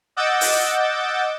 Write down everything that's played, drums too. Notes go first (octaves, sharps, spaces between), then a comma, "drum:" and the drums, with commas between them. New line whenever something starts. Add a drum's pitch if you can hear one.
D#5 F#5 D6 E6 G6 A6
drum: open hi-hat